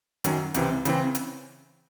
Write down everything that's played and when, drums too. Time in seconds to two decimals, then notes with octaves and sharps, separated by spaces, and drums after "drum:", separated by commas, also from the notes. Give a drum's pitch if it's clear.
0.24 F#2 D#3 F#3 C#4, drum: hi-hat
0.54 C#2 C3 E3 C4, drum: hi-hat
0.85 C#3 E3 C4, drum: hi-hat
1.15 drum: hi-hat